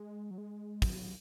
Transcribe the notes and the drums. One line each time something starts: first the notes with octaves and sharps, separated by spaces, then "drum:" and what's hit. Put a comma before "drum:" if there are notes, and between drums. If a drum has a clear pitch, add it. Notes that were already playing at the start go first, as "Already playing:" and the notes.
Already playing: G#3
F#3
G#3
F#3, drum: kick, open hi-hat